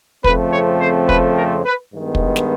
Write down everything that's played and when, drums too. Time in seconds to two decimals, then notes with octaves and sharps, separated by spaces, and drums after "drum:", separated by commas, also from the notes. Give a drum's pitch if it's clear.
0.24 F2 C#3 F3 A3 C4 B4, drum: kick
0.53 C#5
0.81 C5
1.09 B4, drum: kick
1.37 A#4
1.66 B4
1.93 G2 D#3 G#3 B3
2.15 drum: kick
2.36 drum: snare